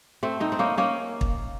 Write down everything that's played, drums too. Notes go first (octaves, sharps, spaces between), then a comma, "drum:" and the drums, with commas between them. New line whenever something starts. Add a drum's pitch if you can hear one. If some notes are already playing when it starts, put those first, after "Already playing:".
A3 C4
C4 D#4
C4
A#3 C#4
A#3 C#4
drum: kick